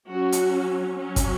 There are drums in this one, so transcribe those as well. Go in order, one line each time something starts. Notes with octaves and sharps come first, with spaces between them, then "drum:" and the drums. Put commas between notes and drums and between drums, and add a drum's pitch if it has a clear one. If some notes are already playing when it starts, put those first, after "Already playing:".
F#3 C#4 F#4
drum: hi-hat
F#3 C#4
drum: kick, hi-hat